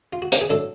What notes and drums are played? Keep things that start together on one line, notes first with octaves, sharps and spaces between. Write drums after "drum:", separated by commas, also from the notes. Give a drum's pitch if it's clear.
F4
F#4
G4, drum: hi-hat
G#4
A2 F#3 A3 D4 A4